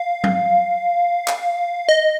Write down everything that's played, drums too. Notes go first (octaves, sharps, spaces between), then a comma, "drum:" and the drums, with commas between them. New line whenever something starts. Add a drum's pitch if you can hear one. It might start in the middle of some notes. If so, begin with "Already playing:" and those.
Already playing: F5
drum: tom F#3
drum: clap
D#5